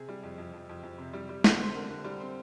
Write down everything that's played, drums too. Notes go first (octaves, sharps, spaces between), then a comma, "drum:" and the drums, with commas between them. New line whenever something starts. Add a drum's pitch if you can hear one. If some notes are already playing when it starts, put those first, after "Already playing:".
Already playing: C3 G#4
G3
F2
F2
F2
F2
F2
C3
G3
G3
D3, drum: snare
C4 C5
D3 A#4
D3
G3
C4